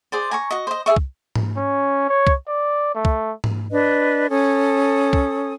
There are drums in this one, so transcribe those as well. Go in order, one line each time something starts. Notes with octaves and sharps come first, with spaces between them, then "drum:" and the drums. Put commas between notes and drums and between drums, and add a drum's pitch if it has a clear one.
G#4 C5 D5
G#5 A#5 C#6
F#4 D#5
C5 D#5
G#4 D5 E5 C#6
drum: kick
drum: tom G#2
C#4
C#5
drum: kick
D5
A3
drum: kick
drum: tom G#2
D4 B4 D#5
C#4 A4 D#6
drum: kick